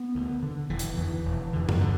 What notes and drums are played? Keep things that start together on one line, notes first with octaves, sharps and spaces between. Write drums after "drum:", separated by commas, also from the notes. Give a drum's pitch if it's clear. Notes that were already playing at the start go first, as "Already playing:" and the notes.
Already playing: B3
D2
D3
E1 E3
drum: hi-hat
E2 D3
E1
E2 D3
drum: tom G2
D3